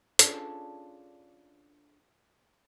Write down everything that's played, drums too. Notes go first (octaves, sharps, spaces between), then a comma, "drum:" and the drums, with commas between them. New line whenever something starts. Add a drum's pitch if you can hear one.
C#4 D4 F4 G#4 A4, drum: hi-hat